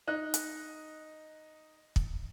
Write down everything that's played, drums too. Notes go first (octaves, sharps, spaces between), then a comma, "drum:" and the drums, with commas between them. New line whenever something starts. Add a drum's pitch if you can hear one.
D#4 F#6
drum: hi-hat
drum: kick